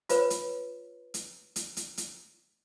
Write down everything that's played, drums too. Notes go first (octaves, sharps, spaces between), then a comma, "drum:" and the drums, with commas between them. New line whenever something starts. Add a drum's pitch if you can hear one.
F4 B4 C#5, drum: hi-hat
drum: hi-hat
drum: hi-hat
drum: hi-hat
drum: hi-hat
drum: hi-hat